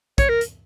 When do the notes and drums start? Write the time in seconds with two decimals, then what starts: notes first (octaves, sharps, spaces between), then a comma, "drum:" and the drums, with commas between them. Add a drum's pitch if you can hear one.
0.18 C#5, drum: kick, hi-hat
0.29 A#4
0.41 drum: hi-hat